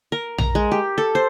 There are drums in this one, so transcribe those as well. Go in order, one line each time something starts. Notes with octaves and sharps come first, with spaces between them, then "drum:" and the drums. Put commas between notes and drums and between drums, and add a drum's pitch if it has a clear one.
A#4
A#5, drum: tom A#1
G#3
G4
A4
C5